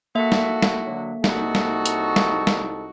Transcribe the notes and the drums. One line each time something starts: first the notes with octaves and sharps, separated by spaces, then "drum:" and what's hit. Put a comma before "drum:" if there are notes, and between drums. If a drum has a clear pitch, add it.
A#3 F#4 A4 E5
drum: snare
drum: snare
D3 F#3
C2 D#4 F#4 A4 C#6, drum: snare
drum: snare
drum: hi-hat
drum: snare
drum: snare